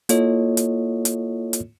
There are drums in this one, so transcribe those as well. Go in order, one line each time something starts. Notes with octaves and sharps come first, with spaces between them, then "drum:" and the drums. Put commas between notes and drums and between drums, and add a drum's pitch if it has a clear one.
A#3 E4 F4 A4 C#5 D#5, drum: hi-hat
drum: hi-hat
drum: hi-hat
drum: hi-hat